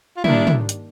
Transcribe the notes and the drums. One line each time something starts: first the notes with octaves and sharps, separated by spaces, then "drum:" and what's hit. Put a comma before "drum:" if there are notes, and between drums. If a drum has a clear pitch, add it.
F4
D#3 G3 A#3 D4 E4, drum: tom
drum: tom
drum: hi-hat